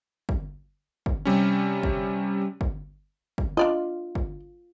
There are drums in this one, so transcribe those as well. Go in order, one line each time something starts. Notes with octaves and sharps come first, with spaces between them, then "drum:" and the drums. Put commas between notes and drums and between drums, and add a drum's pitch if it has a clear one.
drum: kick
drum: kick
C3 G3 C#4
drum: kick
drum: kick
drum: kick
D4 F4 D5 D#5
drum: kick